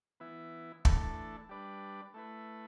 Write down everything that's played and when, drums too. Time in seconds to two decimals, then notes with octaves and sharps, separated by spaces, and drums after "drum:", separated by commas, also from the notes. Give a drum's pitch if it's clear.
0.20 E3 B3 E4
0.85 E3 A3 D4 A4, drum: kick
1.49 G3 D4 B4 D5
2.14 A3 E4 B4